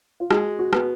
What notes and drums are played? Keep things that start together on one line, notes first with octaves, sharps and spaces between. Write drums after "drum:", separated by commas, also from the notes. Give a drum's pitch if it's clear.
F4
G#3 F#4, drum: rim click
F#4
B3, drum: rim click